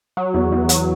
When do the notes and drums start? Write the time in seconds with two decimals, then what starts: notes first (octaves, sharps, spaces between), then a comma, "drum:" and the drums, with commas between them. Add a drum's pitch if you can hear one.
0.17 F#3
0.34 E2
0.52 E2
0.69 F#3, drum: hi-hat